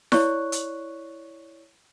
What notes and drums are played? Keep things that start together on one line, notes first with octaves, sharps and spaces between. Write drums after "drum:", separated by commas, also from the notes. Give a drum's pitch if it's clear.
E4 C#5 D5 C#6 F#6, drum: snare E4
drum: hi-hat